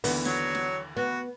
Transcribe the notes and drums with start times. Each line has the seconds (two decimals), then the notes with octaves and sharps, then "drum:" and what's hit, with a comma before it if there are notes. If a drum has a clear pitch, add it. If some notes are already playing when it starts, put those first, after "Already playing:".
0.04 D#2 D3 E3 B3, drum: open hi-hat
0.25 F#3 C#5, drum: snare
0.55 drum: snare
0.97 B3 F#4